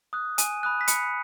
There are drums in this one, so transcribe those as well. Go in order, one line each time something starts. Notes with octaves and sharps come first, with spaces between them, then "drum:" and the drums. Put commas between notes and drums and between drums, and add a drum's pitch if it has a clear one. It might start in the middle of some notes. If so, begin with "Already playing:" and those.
D#6 F#6
G#5 D#7, drum: hi-hat
B5 D#6 F#6
B6
B5 C#7, drum: hi-hat